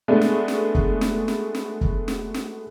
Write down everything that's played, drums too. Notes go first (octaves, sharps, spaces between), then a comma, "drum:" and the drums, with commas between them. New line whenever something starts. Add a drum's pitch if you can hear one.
G#3 A3 B3 D4
drum: snare
drum: snare
drum: kick
drum: snare
drum: snare
drum: snare
drum: kick
drum: snare
drum: snare